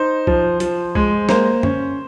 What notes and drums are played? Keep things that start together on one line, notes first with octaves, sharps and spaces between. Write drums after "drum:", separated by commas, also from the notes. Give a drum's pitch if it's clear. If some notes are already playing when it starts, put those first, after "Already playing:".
Already playing: D#4 C5
F3, drum: kick B1
F3, drum: hi-hat
G#3, drum: kick B1
A#3 C5, drum: snare
C#4, drum: tom F#2